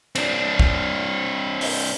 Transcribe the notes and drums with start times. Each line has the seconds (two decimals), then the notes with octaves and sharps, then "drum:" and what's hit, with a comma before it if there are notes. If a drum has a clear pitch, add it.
0.15 C4 D4, drum: cymbal
0.59 drum: kick
1.61 drum: open hi-hat